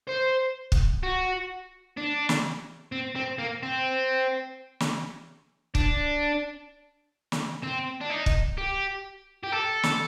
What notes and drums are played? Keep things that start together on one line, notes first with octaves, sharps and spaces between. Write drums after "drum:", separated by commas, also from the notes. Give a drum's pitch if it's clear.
C5
drum: kick
F#4
D4
drum: snare
C4
C4
A#3
C4
drum: snare
D4, drum: kick
drum: snare
C4
D4
D#4
drum: kick
G4
G4
A4
drum: snare